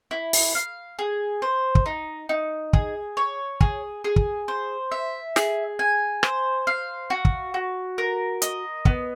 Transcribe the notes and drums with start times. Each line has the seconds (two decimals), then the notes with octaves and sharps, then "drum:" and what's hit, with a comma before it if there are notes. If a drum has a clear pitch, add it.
0.11 E4
0.33 drum: open hi-hat
0.55 F5
0.99 G#4
1.42 C5
1.75 drum: kick
1.86 D#4
2.29 D#4
2.73 G#4, drum: kick
3.17 C#5
3.61 G#4, drum: kick
4.04 G#4
4.16 drum: kick
4.48 C5
4.91 E5
5.36 G#4, drum: snare
5.79 G#5
6.23 C5, drum: rim click
6.67 F5
7.10 F#4
7.25 drum: kick
7.54 F#4
7.98 A#4
8.42 D#5, drum: hi-hat
8.85 B3, drum: kick